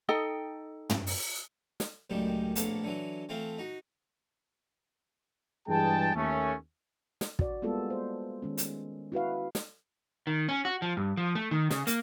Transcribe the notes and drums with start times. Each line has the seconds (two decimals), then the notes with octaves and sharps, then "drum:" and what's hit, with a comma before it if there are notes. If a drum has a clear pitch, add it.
0.09 D#4 A4 D#5 G5
0.90 drum: tom
1.07 drum: open hi-hat
1.80 drum: snare
2.10 C#2 F#2 A2 D#3 G3
2.56 A#1 A2 A#3 B3 A4, drum: hi-hat
2.84 D3 E3 F#3
3.29 E3 A3 C4 F4
3.58 D#4 F#4
5.68 G2 E3 G#3 G#4 G5 A5
6.15 D#2 A3 C#4
7.21 drum: snare
7.39 F#4 D5, drum: kick
7.62 G3 G#3 A#3 B3 F4 A4
7.90 C5
8.42 D#3 G#3 C#4
8.58 drum: hi-hat
9.12 E4 F#4 B4 F5
9.55 drum: snare
10.27 D#3
10.49 C#4
10.65 F#4
10.82 F3
10.97 G2
11.17 F3
11.35 A3
11.51 D#3
11.70 C#3, drum: snare
11.87 A#3, drum: hi-hat